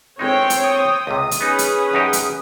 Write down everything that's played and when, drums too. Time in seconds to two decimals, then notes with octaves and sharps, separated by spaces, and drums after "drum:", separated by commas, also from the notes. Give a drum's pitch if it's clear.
0.19 G1 G#3 C4 D#4 C#5 G5
0.50 drum: hi-hat
0.63 D#6
1.07 C#2 C3
1.31 drum: hi-hat
1.41 B3 C#4 D#4 G#4 B4
1.59 drum: hi-hat
1.93 F#2 D#4 G4
2.13 drum: hi-hat